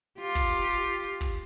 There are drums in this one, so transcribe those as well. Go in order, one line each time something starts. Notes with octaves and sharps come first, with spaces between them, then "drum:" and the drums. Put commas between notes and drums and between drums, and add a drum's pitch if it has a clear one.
F4 G4
drum: kick, hi-hat
drum: hi-hat
drum: hi-hat
drum: kick